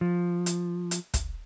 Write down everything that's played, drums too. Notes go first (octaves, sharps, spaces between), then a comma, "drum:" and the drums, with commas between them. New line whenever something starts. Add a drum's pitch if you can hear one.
F3
drum: hi-hat
drum: hi-hat
drum: kick, hi-hat